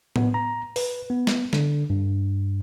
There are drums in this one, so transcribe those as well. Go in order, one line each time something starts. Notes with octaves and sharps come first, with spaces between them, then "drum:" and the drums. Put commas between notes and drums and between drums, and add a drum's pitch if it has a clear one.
B3, drum: tom A2
A#5
B4, drum: open hi-hat
B3
drum: snare
D3, drum: snare
G2